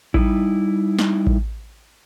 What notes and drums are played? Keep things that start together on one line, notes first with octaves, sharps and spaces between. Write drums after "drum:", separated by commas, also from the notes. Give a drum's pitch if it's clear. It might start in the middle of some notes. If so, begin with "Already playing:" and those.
G3 D#4 E4, drum: kick A1
drum: snare
drum: kick A1